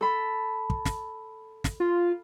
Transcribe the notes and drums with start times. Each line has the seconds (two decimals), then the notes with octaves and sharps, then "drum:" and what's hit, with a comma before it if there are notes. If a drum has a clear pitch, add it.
0.01 A4 B5
0.70 drum: kick
0.85 drum: snare
1.64 drum: snare
1.80 F4